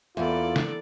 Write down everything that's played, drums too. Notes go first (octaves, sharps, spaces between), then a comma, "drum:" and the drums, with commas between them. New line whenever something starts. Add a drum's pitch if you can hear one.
E2 E3 A#3 B3 F4 A4 D5
drum: snare